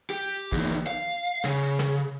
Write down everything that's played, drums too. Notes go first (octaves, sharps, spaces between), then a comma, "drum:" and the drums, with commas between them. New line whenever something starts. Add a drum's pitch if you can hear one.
G4
E2 D#3, drum: kick
F5
C#3, drum: snare
drum: snare